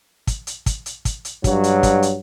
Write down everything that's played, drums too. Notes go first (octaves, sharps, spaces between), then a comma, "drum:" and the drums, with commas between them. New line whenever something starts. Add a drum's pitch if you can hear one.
drum: kick, hi-hat
drum: hi-hat
drum: kick, hi-hat
drum: hi-hat
drum: kick, hi-hat
drum: hi-hat
G2 F#3, drum: kick, hi-hat
drum: hi-hat
drum: kick, hi-hat
drum: hi-hat